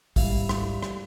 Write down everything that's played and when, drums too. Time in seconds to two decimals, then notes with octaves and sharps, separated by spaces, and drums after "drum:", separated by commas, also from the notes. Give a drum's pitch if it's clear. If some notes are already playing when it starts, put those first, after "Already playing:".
0.16 C#2 G#2 G3 E4 F5, drum: kick, open hi-hat
0.49 drum: rim click
0.83 drum: rim click